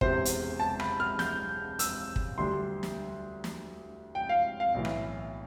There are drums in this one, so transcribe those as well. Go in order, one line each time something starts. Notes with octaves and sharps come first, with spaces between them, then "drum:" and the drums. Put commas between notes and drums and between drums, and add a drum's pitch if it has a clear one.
E1 E2 C3 C5, drum: kick
drum: hi-hat
A5
B5, drum: rim click
F6
G6, drum: snare
E6, drum: hi-hat
drum: kick
D2 D3 G3 D4 C6
drum: snare
drum: snare
G5
F5
F5
B1 A2 E3
drum: rim click